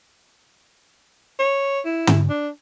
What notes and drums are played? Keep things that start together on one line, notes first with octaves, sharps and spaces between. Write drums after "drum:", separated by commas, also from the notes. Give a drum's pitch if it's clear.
C#5
E4
drum: tom
D4